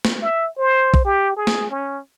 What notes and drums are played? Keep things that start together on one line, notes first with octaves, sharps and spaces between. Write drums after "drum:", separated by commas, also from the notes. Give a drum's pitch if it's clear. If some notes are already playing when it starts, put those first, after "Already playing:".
drum: snare
E5
C5
drum: kick A#1
G4
G#4
drum: snare
C#4